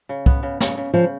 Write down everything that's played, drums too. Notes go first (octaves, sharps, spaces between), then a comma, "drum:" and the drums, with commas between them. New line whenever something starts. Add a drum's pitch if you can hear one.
C#3
B3, drum: kick C2
C#3
C#3, drum: snare
C#3
C#3 F3